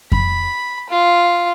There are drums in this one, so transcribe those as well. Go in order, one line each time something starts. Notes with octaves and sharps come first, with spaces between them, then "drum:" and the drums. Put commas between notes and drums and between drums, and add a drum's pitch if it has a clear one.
B5, drum: kick F2
F4